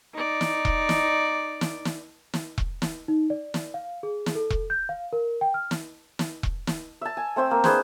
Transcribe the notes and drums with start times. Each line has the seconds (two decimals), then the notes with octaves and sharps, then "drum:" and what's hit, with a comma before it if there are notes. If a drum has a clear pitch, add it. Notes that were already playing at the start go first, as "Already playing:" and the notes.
0.14 D#4 D5
0.41 drum: snare
0.65 drum: kick E1
0.89 drum: snare
1.61 drum: snare
1.85 drum: snare
2.34 drum: snare
2.58 drum: kick E1
2.82 drum: snare
3.08 D#4
3.30 D5
3.54 drum: snare
3.74 F5
4.03 G#4
4.26 drum: snare
4.35 A4
4.50 drum: kick E1
4.70 G6
4.89 F5
5.13 A#4
5.41 G5
5.54 F6
5.71 drum: snare
6.19 drum: snare
6.43 drum: kick E1
6.67 drum: snare
7.01 E5 A5
7.17 G#5
7.36 A3 C4 C5 E5
7.51 A#3
7.64 D4 G#4 B4 C5, drum: snare